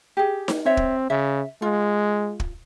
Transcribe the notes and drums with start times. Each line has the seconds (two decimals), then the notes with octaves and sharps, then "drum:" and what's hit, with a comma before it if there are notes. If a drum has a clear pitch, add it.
0.17 G4 G#4
0.48 drum: snare D#4
0.66 C4 C#5 E5
0.77 drum: kick
1.10 C#3 E5
1.62 G#3 F4
2.40 drum: kick